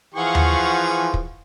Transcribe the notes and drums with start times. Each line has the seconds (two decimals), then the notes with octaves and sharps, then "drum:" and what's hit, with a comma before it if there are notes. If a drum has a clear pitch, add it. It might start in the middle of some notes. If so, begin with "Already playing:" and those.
0.14 E3 F3 G#4 F5 F#5 C#6
0.35 drum: tom D#2
1.14 drum: kick